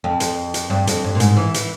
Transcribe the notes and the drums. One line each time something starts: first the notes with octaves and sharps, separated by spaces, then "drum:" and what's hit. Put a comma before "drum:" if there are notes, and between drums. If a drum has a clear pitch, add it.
F2
F2, drum: hi-hat
drum: hi-hat
G2
F2, drum: hi-hat
G2
A#2
G#2, drum: hi-hat
E3
E3, drum: hi-hat